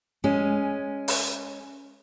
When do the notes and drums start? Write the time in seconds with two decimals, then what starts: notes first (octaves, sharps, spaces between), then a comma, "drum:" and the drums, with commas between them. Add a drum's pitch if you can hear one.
0.24 G#3 C#4
1.08 drum: open hi-hat